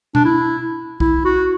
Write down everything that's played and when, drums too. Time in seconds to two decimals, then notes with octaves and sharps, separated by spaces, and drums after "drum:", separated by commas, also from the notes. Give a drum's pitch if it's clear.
0.15 D4, drum: tom B2
0.25 E4
1.00 E4, drum: kick B1
1.25 F#4